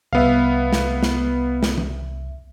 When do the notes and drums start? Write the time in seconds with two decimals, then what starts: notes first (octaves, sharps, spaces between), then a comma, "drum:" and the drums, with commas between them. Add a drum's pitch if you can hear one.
0.13 C2 B3 E5 F5
0.73 drum: snare
1.03 drum: snare
1.63 drum: snare
1.78 drum: tom E3